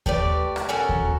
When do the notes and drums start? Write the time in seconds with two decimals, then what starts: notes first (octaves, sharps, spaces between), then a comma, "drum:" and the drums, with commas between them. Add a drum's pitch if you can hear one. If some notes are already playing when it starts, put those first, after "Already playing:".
0.06 A3 G4 B4 D5, drum: kick D#2
0.56 drum: rim click
0.69 C#4 F#4 A4 A#4
0.89 drum: kick D#2